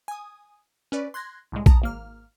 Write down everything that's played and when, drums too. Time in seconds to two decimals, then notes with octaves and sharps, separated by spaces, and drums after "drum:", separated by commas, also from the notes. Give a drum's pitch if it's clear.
0.08 G#5 D#6
0.92 C#4 B4 D5
1.14 C6 F#6 G#6 A#6
1.52 C2 A2 G#3
1.66 A5 A#5 D#6, drum: kick A#1
1.82 G#1 A#3 F6